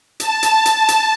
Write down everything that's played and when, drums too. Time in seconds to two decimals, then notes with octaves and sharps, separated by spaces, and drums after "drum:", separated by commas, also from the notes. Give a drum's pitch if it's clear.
0.20 A5, drum: hi-hat
0.43 drum: hi-hat
0.66 drum: hi-hat
0.88 drum: hi-hat